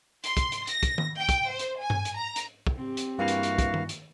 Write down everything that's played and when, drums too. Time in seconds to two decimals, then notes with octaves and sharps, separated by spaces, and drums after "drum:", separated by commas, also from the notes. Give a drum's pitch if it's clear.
0.24 C6, drum: hi-hat
0.37 drum: kick, hi-hat
0.52 drum: hi-hat
0.67 A#6, drum: hi-hat
0.83 drum: kick, hi-hat
0.98 drum: tom D#3
1.18 G5
1.29 drum: kick, hi-hat
1.49 C5
1.59 drum: hi-hat
1.80 G#5
1.90 drum: tom G2
2.05 drum: hi-hat
2.16 A#5
2.36 drum: hi-hat
2.67 drum: kick
2.76 C4 G4
2.97 drum: hi-hat
3.19 G2 E3 A#3 E4 F#4 F5
3.28 drum: hi-hat
3.43 drum: hi-hat
3.58 drum: kick, hi-hat
3.74 drum: tom D#3
3.89 drum: hi-hat